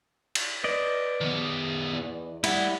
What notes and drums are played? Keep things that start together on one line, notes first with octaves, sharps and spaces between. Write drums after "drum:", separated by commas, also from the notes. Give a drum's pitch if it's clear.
drum: cymbal
B4 D5 D#5
D#3 B3
E2
G3 A3 E4 F#5, drum: cymbal